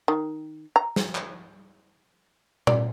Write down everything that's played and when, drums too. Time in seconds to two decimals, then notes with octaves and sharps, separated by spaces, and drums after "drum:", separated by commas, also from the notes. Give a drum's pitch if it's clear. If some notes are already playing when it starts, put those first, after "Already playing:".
0.08 D#3
0.76 A#5
0.96 drum: snare
1.15 drum: clap
2.67 D5, drum: tom A#2